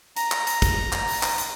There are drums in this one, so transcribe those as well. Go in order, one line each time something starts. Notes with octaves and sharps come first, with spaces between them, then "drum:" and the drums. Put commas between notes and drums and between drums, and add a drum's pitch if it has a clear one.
A#5, drum: hi-hat
drum: clap
drum: hi-hat
drum: kick, hi-hat
drum: clap
drum: open hi-hat
drum: clap
drum: hi-hat